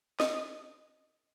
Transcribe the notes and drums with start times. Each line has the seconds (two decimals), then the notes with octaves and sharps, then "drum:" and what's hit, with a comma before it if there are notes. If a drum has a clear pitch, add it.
0.20 D#5, drum: snare